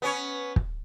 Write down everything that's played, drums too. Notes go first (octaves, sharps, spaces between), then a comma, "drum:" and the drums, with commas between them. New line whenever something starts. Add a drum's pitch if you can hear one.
B3 C#4 C#5
drum: kick